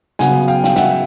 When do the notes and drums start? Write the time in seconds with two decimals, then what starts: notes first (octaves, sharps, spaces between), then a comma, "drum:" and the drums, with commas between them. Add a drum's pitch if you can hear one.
0.19 C#3 F#3 B3 F#5 G#5, drum: snare
0.48 F5 G5, drum: tambourine
0.64 G5, drum: snare
0.76 E5 F#5, drum: snare